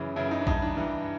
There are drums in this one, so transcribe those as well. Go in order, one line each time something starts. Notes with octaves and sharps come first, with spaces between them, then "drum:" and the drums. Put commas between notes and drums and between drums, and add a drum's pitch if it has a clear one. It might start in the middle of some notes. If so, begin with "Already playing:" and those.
Already playing: F#2 C#3 E3
F#2 C#3 E3 E4
E4
D#4
D4
G2 E3 D#4, drum: kick A#1
D4
G2 E3